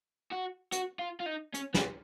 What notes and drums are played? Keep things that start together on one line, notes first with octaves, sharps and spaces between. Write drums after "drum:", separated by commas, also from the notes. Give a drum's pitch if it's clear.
F#4
F#4, drum: hi-hat
F4
F4
D#4
C#4, drum: hi-hat
B3, drum: snare